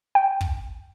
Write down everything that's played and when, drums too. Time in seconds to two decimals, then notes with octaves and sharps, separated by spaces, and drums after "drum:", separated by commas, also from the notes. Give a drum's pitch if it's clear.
0.15 G5
0.41 drum: kick